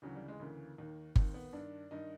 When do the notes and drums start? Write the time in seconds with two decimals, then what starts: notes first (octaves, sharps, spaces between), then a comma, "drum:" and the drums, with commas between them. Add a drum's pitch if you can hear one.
0.02 D2 C#3 E3 F#3
0.15 G3
0.28 G#3
0.40 D2 C#3 E3 A#3
0.78 D#2 D#3
1.16 D#2 D#3 C4, drum: kick G1
1.34 B3
1.53 G2 D#3 D4
1.91 G2 D#3 D#4